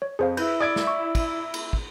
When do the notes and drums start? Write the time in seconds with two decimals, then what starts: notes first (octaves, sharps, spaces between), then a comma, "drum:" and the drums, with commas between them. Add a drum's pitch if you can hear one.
0.02 C#5
0.19 F2 G#4 C5 F5
0.37 E4 B4 G6, drum: cymbal
0.61 D5 D#6 G#6 D7
0.76 drum: snare
0.87 C#6
1.15 drum: kick, cymbal
1.54 drum: cymbal
1.73 drum: kick